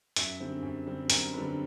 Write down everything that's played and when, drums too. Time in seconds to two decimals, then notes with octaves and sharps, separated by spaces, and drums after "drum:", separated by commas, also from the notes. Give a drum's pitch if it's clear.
0.16 F#2 E5, drum: hi-hat
0.40 D3 G3 C4
0.63 F#2
0.86 D3 G3 C4
1.10 F#2 A#4, drum: hi-hat
1.33 D3 G3 C4 B4